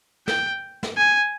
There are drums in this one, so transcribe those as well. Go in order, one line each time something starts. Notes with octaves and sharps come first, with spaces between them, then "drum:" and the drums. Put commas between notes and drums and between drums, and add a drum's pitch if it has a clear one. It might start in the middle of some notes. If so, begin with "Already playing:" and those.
G5, drum: snare
drum: snare
G#5